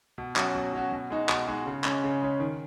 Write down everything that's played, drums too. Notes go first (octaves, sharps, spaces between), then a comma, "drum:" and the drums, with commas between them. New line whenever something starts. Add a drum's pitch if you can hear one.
B2
F#3 C#4 F#4, drum: clap
B2
F#3 C#4 F#4
B2
G#3 D#4 F#4
B2, drum: clap
G#3 D#4 F#4
C#3
G#3 C#4, drum: clap
C#3
G#3 C#4
D#3